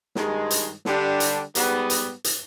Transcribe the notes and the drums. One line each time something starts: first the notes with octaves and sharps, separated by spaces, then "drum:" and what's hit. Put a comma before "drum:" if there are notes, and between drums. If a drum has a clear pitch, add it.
G2 D#3 G#3, drum: snare
drum: hi-hat
D3 G3 D4 G4, drum: snare
drum: hi-hat
G#2 G3 B3, drum: hi-hat
drum: hi-hat
drum: hi-hat